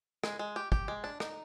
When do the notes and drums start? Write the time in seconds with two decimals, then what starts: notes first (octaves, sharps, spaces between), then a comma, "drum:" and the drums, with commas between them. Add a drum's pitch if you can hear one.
0.24 G#3, drum: rim click
0.39 G#3
0.56 G4
0.72 G4, drum: kick
0.88 G#3
1.04 D4
1.20 D#4, drum: rim click